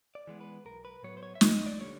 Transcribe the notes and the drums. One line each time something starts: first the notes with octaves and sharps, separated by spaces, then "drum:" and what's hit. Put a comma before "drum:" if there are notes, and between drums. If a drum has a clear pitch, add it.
D5
E3 G#3 B3
B4
B1 A#4
B4
A2 F#3 B3 C#5
C5
C#5
E5
D2 D#5, drum: snare
D5
D3 G3 C#5